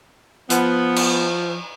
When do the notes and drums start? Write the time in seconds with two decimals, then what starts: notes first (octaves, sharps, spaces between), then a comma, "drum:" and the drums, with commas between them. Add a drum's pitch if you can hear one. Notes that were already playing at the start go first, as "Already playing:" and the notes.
0.50 F3 B3, drum: hi-hat
0.96 drum: cymbal